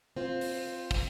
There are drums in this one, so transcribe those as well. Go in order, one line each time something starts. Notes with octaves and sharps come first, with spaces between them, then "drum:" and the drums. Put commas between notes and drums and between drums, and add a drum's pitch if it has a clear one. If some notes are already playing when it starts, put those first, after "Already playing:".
C4 F4
drum: open hi-hat
drum: kick, open hi-hat